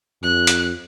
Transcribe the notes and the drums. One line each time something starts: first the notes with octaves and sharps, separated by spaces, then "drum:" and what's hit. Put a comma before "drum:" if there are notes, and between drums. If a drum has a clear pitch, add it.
F2 F#6
drum: hi-hat